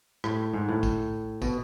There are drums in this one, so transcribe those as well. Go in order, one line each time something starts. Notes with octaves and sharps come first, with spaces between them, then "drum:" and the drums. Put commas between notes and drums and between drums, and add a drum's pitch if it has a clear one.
A2, drum: rim click
G#2
A2
drum: kick, tambourine
B2, drum: kick, tambourine